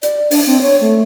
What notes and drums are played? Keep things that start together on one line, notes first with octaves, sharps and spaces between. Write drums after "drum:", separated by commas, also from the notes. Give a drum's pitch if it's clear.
D5, drum: hi-hat
D4, drum: open hi-hat
C4
C#5
A3